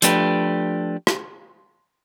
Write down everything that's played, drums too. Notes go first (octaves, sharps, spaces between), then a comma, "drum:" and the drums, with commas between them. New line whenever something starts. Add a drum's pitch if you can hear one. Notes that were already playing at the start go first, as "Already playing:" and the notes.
F3 A3 D4 G4 B4, drum: hi-hat
drum: rim click